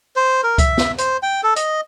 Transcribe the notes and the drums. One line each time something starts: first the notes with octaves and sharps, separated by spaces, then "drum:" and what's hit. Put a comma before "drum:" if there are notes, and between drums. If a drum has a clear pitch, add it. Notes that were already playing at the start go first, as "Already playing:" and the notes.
C5
A#4
E5, drum: kick C#2, hi-hat
drum: snare
C5, drum: hi-hat
G5
A4
D#5, drum: hi-hat